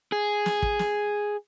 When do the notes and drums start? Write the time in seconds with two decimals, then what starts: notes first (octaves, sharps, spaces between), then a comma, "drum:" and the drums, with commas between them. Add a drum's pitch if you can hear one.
0.12 G#4
0.46 drum: snare
0.63 drum: kick
0.79 drum: snare